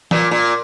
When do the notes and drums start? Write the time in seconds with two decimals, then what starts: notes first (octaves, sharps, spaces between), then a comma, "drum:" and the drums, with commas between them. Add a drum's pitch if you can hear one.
0.11 A#2, drum: snare
0.31 A#2